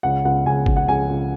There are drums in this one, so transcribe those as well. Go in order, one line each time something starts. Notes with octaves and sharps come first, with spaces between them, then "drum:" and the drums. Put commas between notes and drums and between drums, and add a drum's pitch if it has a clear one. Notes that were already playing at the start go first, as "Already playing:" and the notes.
C#2 F#5
C#2 F#5
C#2 G#5
C#2, drum: kick G1
F#5
C#2 G#5
C#2